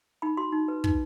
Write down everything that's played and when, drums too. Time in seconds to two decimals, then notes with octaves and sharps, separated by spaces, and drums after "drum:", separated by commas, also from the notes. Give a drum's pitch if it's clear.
0.22 D#4 B5
0.37 F#4 C6
0.52 D#4
0.68 B4
0.84 D#4, drum: kick